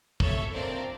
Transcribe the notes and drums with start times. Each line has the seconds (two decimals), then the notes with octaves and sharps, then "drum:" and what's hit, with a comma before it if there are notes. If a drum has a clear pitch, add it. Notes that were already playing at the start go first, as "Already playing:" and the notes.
0.20 A4 C#5 E5, drum: kick
0.52 C4 D4 F4 A#4 C5 D5